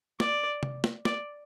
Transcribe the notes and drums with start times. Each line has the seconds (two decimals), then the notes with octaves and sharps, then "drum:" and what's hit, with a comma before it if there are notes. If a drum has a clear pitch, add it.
0.20 D5, drum: snare
0.63 drum: tom C3
0.84 drum: snare
1.05 D5, drum: snare